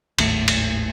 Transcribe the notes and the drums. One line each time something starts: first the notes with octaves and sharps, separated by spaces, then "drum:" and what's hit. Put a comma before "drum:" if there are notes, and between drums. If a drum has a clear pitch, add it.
G#1 D#2 A2, drum: cymbal
drum: cymbal